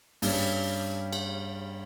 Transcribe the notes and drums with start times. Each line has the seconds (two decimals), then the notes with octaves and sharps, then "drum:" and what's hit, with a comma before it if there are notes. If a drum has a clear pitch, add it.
0.22 G2 G3 C#4, drum: open hi-hat
1.13 drum: cymbal